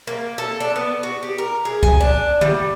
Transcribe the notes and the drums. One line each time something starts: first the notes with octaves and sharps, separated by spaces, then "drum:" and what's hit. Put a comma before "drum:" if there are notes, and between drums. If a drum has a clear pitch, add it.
A#3
A4
D4
B3
F#4
G4
A#4
G#4
G#5, drum: kick C2
D4
G3, drum: tom